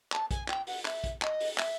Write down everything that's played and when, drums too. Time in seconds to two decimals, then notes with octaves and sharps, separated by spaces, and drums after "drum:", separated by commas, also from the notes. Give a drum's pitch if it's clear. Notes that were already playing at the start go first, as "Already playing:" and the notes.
0.12 A5, drum: clap
0.31 G#5, drum: kick A#1, hi-hat
0.49 G5, drum: clap
0.67 F#5, drum: open hi-hat
0.86 E5, drum: clap
1.04 drum: kick A#1, hi-hat
1.22 D#5, drum: clap
1.40 drum: open hi-hat
1.58 E5, drum: clap